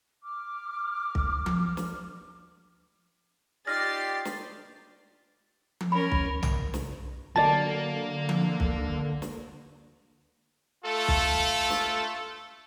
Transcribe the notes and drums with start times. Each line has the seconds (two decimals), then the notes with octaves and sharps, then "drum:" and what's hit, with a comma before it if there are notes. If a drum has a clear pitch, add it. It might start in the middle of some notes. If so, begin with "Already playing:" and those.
0.22 D6 F6
1.15 drum: kick
1.46 drum: tom F3
1.77 drum: snare
3.67 D#4 F4 G4 D5 F6 A6 A#6 C7
4.25 drum: snare
5.81 drum: tom F3
5.92 C#4 A#4 B5
6.12 drum: kick
6.43 drum: tom
6.74 drum: snare
7.36 D3 F#3 A#3 D5 A5 A6
8.29 drum: tom F3
8.60 drum: kick
9.22 drum: snare
10.84 A3 F4 A4
11.08 drum: kick
11.70 drum: snare